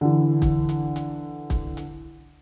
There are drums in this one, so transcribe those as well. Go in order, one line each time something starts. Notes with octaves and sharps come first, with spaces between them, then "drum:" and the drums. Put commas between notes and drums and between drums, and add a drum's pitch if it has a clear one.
D3 E3
drum: kick, hi-hat
drum: hi-hat
drum: hi-hat
drum: kick, hi-hat
drum: hi-hat